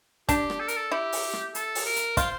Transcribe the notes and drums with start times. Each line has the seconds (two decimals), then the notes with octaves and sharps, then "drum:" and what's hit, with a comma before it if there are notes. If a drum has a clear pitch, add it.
0.29 D4 G4, drum: kick, hi-hat
0.50 drum: rim click
0.60 A4
0.68 A#4, drum: hi-hat
0.77 A4
0.92 E4 G4
1.12 drum: open hi-hat
1.33 drum: rim click
1.55 A4, drum: hi-hat
1.75 drum: open hi-hat
1.86 A#4
1.96 drum: hi-hat
2.17 F4 C5, drum: kick, hi-hat